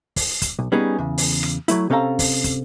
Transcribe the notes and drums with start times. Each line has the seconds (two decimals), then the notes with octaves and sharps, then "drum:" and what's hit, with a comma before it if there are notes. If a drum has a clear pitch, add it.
0.16 drum: kick, open hi-hat
0.42 drum: kick, hi-hat
0.59 B1
0.72 G3 B3 C#4 D#4 G#4
0.99 E2 C#3
1.18 drum: open hi-hat
1.43 drum: rim click
1.68 F#3 A3 E4, drum: hi-hat
1.90 C3 C4 C#4 A4 F5 A#5
2.19 drum: kick, open hi-hat
2.44 drum: kick, hi-hat